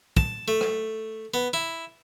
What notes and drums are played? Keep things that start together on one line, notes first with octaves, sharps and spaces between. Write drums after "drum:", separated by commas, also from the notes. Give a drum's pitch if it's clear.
A5, drum: kick
A3
drum: rim click
B3
E4